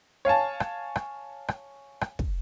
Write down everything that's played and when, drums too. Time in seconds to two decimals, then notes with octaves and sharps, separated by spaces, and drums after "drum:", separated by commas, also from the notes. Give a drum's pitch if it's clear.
0.25 C#5 F5 G#5 A5
0.60 drum: rim click
0.96 drum: rim click
1.48 drum: rim click
2.01 drum: rim click
2.19 drum: kick